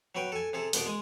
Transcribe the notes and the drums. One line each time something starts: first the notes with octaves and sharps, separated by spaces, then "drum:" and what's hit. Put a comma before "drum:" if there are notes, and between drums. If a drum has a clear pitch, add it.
F#3 F#4 B4 G5
A4 G#5
C3 G#4 A4
C2 B2 B3 D5, drum: open hi-hat
G#3 D#6